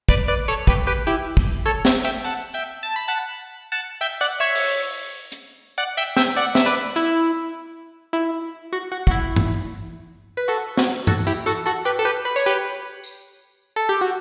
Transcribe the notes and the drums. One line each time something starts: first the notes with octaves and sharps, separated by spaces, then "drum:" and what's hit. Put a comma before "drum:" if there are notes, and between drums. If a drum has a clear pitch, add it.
B4 D5, drum: kick
B4 D5
A4 C#5
G4 B4, drum: kick
G4 B4
E4 G4
drum: kick
A4 C#5
C#5 E5, drum: snare
E5 G5, drum: hi-hat
F#5 A5
E5 G5
A5
B5
F#5 A5
F#5 A5
E5 G5
D5 F#5
C#5 E5
drum: open hi-hat
drum: hi-hat
D5 F#5
E5 G5
E5 G5, drum: snare
D5 F#5
E5, drum: snare
B4 D5
E4, drum: hi-hat
E4
F#4
F#4
F#4, drum: kick
E4
drum: tom G2
B4
F#4 A4
F#4, drum: snare
F#4 A4, drum: tom G2
E4 G4, drum: tambourine
F#4 A4
F#4 A4
G4 B4
A4
G4 B4
B4
C#5, drum: tambourine
G4 B4
drum: tambourine
A4
G4
F#4